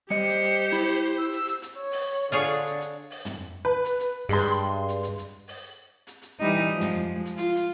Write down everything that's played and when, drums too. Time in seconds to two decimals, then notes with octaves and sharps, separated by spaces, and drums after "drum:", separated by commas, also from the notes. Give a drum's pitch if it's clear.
0.10 G3 G4 C5 D#5 C#7
0.29 drum: hi-hat
0.43 drum: hi-hat
0.72 E4, drum: open hi-hat
1.18 E6
1.32 drum: hi-hat
1.47 drum: hi-hat
1.62 drum: hi-hat
1.78 C#5
1.92 drum: open hi-hat
2.32 D3 F4 G#4 C#5
2.51 drum: hi-hat
2.66 drum: hi-hat
2.81 drum: hi-hat
3.10 drum: open hi-hat
3.25 drum: tom
3.65 B4
3.84 drum: hi-hat
3.99 drum: hi-hat
4.29 G2 G#3 C6, drum: open hi-hat
4.88 drum: hi-hat
5.03 drum: hi-hat
5.18 drum: hi-hat
5.48 drum: open hi-hat
6.07 drum: hi-hat
6.22 drum: hi-hat
6.40 E3 G3 D#4
6.72 F3 G#3
6.81 drum: tom
7.26 drum: hi-hat
7.38 F4, drum: hi-hat
7.55 drum: hi-hat